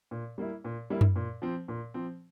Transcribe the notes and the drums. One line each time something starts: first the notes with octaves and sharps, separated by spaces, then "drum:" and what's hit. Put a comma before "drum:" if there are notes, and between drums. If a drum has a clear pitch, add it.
A#2
G3 A#3 E4
A#2
G3 A#3 E4
drum: tom F#2
A#2
F3 C4
A#2
F3 C4